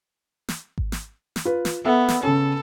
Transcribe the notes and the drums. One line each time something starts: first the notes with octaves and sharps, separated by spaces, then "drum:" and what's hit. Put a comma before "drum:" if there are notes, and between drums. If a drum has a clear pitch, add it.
drum: snare
drum: kick G#1
drum: snare
drum: snare
F4 B4
drum: snare
B3 A4 E5
drum: snare
C#3 C#4 A4